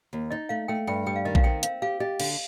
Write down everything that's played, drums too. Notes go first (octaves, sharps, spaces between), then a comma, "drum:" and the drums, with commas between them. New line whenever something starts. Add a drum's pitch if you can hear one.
D#2
D#4 D#5
A3 F5
A3 G5
G2 G5
G3 G5
F5
D#3 D#5
F5, drum: kick A#1
C4 G5
C4 F5, drum: hi-hat
G4 F5
G4 D#5
D3 F5, drum: cymbal